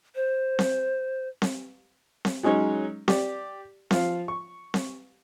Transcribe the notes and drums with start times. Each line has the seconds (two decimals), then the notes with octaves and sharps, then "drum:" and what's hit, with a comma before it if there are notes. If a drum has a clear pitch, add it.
0.15 C5
0.59 drum: snare C4
1.42 drum: snare C4
2.25 drum: snare C4
2.43 F#3 G#3 C#4 D#4 C#5
3.08 G4 D5, drum: snare C4
3.91 F3 F5, drum: snare C4
4.28 C#6
4.74 drum: snare C4